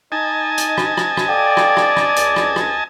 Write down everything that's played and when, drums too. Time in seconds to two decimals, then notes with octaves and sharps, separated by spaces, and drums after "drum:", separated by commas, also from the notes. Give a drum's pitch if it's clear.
0.12 D#4 D#5 G#5 A5
0.58 drum: hi-hat
0.78 drum: rim click
0.97 drum: rim click
1.17 drum: rim click
1.29 A4 D5 F5 G5
1.57 drum: rim click
1.77 drum: rim click
1.97 drum: rim click
2.16 C#2, drum: hi-hat
2.36 drum: rim click
2.56 drum: rim click